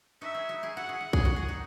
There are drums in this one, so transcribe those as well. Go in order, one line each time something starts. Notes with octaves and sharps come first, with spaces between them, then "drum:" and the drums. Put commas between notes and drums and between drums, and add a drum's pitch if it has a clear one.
D#4 F#4 E5
E4 G#4
D#4 F#4
E4 G#4
F#4 F#5
G#4
F#4
G#4, drum: kick
F#4
G#4
D#4 F#4